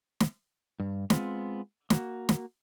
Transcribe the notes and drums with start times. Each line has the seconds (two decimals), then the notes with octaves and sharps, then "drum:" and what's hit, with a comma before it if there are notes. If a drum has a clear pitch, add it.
0.20 drum: snare
0.80 G2
1.10 G#3 B3 C4 F4, drum: snare
1.90 A#3 F#4, drum: snare
2.29 drum: snare